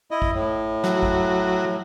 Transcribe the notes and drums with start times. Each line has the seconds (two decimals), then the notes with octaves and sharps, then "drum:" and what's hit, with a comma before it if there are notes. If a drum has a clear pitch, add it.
0.11 E4 D#5
0.22 drum: kick A1
0.34 A2
0.84 F#3, drum: snare
1.03 drum: kick A1